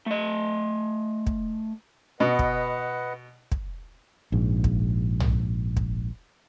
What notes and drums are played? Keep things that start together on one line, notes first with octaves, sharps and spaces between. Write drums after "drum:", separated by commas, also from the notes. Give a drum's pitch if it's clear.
A3 D#5
drum: kick
B2 B4 D#5 F#5
drum: kick
drum: kick
A#1 G#2
drum: kick
drum: tom
drum: kick